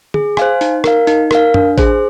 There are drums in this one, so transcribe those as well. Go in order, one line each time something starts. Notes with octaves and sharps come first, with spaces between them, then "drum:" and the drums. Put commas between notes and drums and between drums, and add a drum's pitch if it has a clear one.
G#4, drum: tom
C5 F5 G#5, drum: rim click
D#4, drum: hi-hat
A#4 F5, drum: rim click
D#4, drum: hi-hat
A#4 F5, drum: rim click
D4, drum: tom F#2
G#4 C5, drum: kick A1, hi-hat